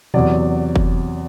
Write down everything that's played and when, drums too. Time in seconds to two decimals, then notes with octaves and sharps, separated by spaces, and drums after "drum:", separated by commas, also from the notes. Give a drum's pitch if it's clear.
0.14 E2 C3 F#3 D5, drum: tom A#2
0.76 drum: kick F1